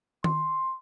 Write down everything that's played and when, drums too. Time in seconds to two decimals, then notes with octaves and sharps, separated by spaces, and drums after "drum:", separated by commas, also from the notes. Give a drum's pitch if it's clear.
0.24 C6, drum: tom D#3